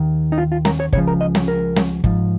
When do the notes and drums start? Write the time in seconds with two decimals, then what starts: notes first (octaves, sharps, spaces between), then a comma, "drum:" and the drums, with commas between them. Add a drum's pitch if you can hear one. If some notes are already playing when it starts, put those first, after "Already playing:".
Already playing: D#2 D#3
0.32 D#4
0.38 F4
0.52 F4
0.65 A#4, drum: snare
0.80 C#5
0.93 C#2 C#3 F3 C#5, drum: kick
1.07 A#4
1.21 D#5
1.35 drum: snare
1.48 A#4
1.76 drum: snare
2.04 G#2 F3, drum: kick